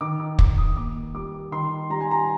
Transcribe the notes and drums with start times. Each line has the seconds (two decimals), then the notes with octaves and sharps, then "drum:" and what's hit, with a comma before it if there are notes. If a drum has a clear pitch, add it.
0.01 D#3 D6
0.20 D6
0.39 D#3 D6, drum: kick
0.57 D#6
0.76 A#3 D6
1.14 G3 D6
1.52 D#3 C6
1.90 G3 A#5
2.01 G#5
2.11 A#5